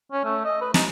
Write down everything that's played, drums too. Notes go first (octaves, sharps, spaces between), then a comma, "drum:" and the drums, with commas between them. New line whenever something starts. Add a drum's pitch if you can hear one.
C#4
A3
D#5
B4
D#4, drum: snare